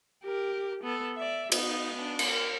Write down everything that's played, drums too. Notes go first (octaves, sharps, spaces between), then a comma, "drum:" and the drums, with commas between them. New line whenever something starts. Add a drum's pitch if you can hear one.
G4 A#4
B3 A4
D5 E5
B3 D#4, drum: cymbal
B3 D4
drum: cymbal
A#4